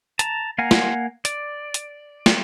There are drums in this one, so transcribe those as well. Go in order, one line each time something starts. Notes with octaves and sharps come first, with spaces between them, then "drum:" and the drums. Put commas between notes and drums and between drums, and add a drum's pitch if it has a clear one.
A5 A#5, drum: hi-hat
A#3 F5 F#5 G#5 A#5
drum: snare
D5, drum: hi-hat
drum: hi-hat
drum: snare